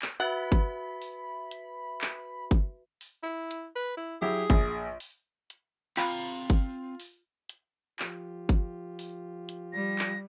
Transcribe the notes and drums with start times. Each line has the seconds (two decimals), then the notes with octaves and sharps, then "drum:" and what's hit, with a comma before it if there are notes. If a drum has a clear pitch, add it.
0.02 drum: clap
0.20 F#4 B4 E5 F#5 B5
0.52 drum: kick G1, hi-hat
1.02 drum: open hi-hat
1.51 drum: hi-hat
2.01 drum: clap
2.51 drum: kick G1, hi-hat
3.01 drum: open hi-hat
3.23 E4
3.51 drum: hi-hat
3.76 B4
3.97 E4
4.22 F#3 E4 G4 G#4
4.50 A#1, drum: kick G1, hi-hat
5.00 drum: open hi-hat
5.50 drum: hi-hat
5.97 C4 F4 F5 G5 A#5 B5, drum: clap
6.50 drum: kick G1, hi-hat
7.00 drum: open hi-hat
7.49 drum: hi-hat
7.99 F3 F4 G4, drum: clap
8.49 drum: kick G1, hi-hat
8.99 drum: open hi-hat
9.49 drum: hi-hat
9.73 G3 A#6
9.99 drum: clap